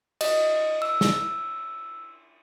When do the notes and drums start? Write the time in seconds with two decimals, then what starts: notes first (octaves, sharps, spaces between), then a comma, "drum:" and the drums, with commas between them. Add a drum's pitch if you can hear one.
0.21 D#5, drum: cymbal
0.82 E6
1.01 drum: snare